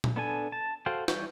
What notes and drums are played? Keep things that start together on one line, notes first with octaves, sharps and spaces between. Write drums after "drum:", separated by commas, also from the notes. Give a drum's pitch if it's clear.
drum: tom A#2
B3 D4 A4 G#5
A5
F#4 A4 C5 F5 G5
E3 G3 C#5 G5 G6, drum: snare